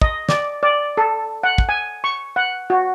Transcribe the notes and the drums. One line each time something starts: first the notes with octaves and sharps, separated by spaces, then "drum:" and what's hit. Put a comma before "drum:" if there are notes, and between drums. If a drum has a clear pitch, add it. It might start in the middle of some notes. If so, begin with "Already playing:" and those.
D#5, drum: kick
D5, drum: snare
D5
A4
F#5
drum: kick
G#5
C#6
F#5
F#4